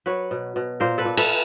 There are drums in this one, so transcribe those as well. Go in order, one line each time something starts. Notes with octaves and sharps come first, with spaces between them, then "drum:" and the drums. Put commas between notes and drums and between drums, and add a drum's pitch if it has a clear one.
F#3 B4 C#5
B2
B2
A#2 A#4 C5
A4 B4
A#2
A4 B4, drum: cymbal